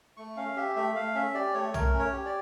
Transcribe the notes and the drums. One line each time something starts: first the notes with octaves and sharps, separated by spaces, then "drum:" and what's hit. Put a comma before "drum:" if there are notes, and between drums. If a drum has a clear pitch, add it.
A3 C#6
C#4 F5
G4 E5
A3 E5
A3 F5
C#4 E5
G4 D5
A3 C#5
A3 A#4, drum: tom
C#4
C#5
G4
D5